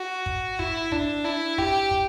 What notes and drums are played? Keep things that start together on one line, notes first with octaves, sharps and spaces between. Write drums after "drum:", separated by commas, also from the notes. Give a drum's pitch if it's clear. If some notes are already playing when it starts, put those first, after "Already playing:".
Already playing: F#4
drum: kick
E4, drum: kick
D4, drum: kick
E4
G4, drum: kick
drum: kick